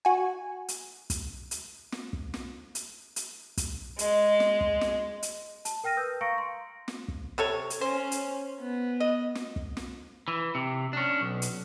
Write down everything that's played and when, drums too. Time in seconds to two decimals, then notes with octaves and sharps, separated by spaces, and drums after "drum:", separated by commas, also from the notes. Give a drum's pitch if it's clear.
0.05 F#4 G#5
0.68 drum: hi-hat
1.10 drum: kick, hi-hat
1.51 drum: hi-hat
1.92 drum: snare
2.13 drum: kick
2.34 drum: snare
2.75 drum: hi-hat
3.16 drum: hi-hat
3.57 drum: kick, hi-hat
3.99 G#3, drum: hi-hat
4.40 drum: snare
4.61 drum: kick
4.81 drum: snare
5.23 drum: hi-hat
5.65 A5, drum: hi-hat
5.84 A#4 G5 F6 A#6 D#7
5.97 B4 D#6 E6 G6
6.21 F5 A#5 C#6 A#6 C#7 D7
6.38 C6
6.88 drum: snare
7.08 drum: kick
7.38 C3 A4 C#5
7.70 drum: hi-hat
7.81 C#4 C5
8.12 drum: hi-hat
8.60 B3
9.00 D#5
9.35 drum: snare
9.56 drum: kick
9.77 drum: snare
10.28 E3
10.55 C3
10.93 C#4 D4
11.21 B1
11.42 drum: hi-hat